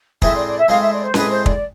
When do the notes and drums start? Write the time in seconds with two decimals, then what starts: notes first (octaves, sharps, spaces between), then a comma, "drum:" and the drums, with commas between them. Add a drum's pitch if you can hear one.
0.22 A2 G#3 C4 G#4 E5, drum: kick
0.34 D5
0.46 D5
0.56 E5
0.68 A2 G#3 C4 G#4 F5
0.80 E5
0.92 D5
1.02 C5
1.14 A2 G#3 C4 G#4 B4, drum: snare C#4
1.29 C5
1.46 D5, drum: kick